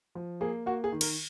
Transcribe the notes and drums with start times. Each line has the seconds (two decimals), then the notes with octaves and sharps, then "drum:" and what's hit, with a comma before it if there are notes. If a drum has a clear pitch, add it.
0.15 F3
0.41 A#3 G#4
0.66 A#3 F#4
0.84 G#4
0.92 D#3
1.01 A#4, drum: cymbal